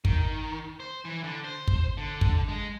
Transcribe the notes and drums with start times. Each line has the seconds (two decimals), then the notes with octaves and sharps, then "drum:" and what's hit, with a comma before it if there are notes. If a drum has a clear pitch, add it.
0.05 D#3, drum: kick
0.80 C5
1.05 E3
1.24 D3
1.44 C5
1.68 drum: kick
1.97 D3
2.21 drum: kick
2.48 G#3